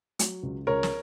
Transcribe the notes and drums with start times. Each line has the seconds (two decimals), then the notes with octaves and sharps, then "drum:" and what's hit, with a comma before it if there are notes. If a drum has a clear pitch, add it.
0.19 F#3, drum: hi-hat
0.43 C#2
0.67 C#2 A#4 C#5
0.83 drum: snare